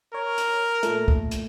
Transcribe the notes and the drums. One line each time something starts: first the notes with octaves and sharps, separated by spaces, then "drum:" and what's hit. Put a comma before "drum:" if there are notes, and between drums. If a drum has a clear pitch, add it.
A#4 C#5
drum: hi-hat
A#2 A3, drum: hi-hat
drum: kick
drum: hi-hat